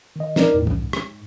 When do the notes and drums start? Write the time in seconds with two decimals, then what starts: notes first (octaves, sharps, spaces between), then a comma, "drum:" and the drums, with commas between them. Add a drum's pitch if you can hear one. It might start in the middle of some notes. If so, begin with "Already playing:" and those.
0.16 D#3 D#5
0.36 D#4 A#4 D5, drum: snare
0.54 E2 A2
0.67 C2, drum: tom E3
0.82 G#2
0.93 drum: rim click